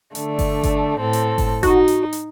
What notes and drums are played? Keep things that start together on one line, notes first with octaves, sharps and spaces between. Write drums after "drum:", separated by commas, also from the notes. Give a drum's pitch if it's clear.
D3 A3 D4, drum: hi-hat
drum: kick G1, open hi-hat
drum: kick G1, hi-hat
A2 C4 A4
drum: hi-hat
drum: kick G1, open hi-hat
D#4 F#4, drum: kick G1, hi-hat
drum: hi-hat
drum: hi-hat